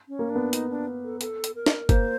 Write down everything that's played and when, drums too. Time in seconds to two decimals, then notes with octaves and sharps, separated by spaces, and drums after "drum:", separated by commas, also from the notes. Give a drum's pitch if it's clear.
0.08 C#4
0.19 A#3
0.30 D4
0.36 B3
0.53 D#4, drum: hi-hat
0.70 D4
1.04 A4
1.21 A4, drum: hi-hat
1.44 drum: hi-hat
1.56 A#4
1.66 drum: snare
1.89 A#3 C5, drum: kick G1, hi-hat